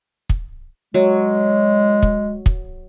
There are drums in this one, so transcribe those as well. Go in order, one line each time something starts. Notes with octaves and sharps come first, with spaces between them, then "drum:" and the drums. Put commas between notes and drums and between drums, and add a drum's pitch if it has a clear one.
drum: kick
F#3 G#3
drum: kick
drum: kick